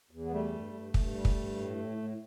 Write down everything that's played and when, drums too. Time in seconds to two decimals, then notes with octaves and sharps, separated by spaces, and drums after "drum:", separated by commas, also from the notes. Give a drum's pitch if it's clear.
0.11 E2
0.25 B3
0.32 G3 A3
0.52 G2
0.73 G2
0.94 G2, drum: kick
1.14 G3
1.25 drum: kick
1.35 G2
1.56 A2
1.77 A2
1.97 A2